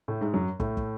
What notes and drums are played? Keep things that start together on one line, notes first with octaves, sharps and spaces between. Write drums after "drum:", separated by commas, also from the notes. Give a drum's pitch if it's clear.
A2 A3
G#2 G#3
F#2 F#3
A2 A3, drum: kick
drum: kick